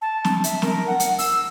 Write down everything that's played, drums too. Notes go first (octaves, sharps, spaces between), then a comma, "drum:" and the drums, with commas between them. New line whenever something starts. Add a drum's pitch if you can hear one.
A5
drum: snare
E5, drum: hi-hat
A#4, drum: snare
F#5
drum: hi-hat
E6, drum: open hi-hat